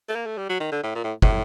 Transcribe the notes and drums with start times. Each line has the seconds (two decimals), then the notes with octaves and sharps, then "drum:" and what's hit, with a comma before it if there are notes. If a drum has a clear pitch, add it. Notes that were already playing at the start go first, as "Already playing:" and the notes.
0.09 A3
0.15 A#3
0.26 A3
0.38 G3
0.49 F#3
0.60 D#3
0.72 D3
0.83 A2
0.95 A#2
1.04 A2
1.22 A2, drum: kick